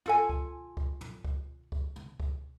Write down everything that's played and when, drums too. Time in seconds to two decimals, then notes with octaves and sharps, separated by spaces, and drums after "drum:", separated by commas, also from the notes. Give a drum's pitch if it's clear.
0.06 F4 A4 G#5, drum: tom
0.29 drum: kick C#2
0.77 drum: kick C#2
1.01 drum: tom
1.25 drum: kick C#2
1.72 drum: kick C#2
1.96 drum: tom
2.20 drum: kick C#2